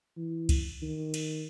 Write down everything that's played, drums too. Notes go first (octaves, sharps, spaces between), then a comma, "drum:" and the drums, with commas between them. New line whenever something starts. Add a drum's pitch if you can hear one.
E3
drum: kick C#2, cymbal
D#3
drum: cymbal